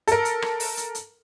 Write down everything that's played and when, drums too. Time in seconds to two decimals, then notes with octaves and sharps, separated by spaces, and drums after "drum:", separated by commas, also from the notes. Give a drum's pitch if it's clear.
0.08 A4 A#4, drum: hi-hat
0.25 drum: hi-hat
0.42 drum: rim click
0.60 drum: open hi-hat
0.77 drum: hi-hat
0.95 drum: hi-hat